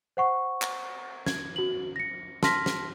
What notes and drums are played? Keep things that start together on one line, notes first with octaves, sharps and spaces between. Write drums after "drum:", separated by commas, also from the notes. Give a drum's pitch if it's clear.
C5 F#5 C#6
drum: clap
G#6, drum: snare
F#4 F#7
A#6 C#7
A5 C6 F6 A#6 B6, drum: snare
drum: snare